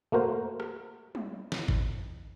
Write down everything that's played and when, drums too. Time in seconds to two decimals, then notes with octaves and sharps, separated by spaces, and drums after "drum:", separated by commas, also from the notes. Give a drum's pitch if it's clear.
0.12 A3 A#3 F#4 A#4 C5
0.60 drum: rim click
1.15 drum: tom
1.52 drum: snare
1.68 drum: kick G1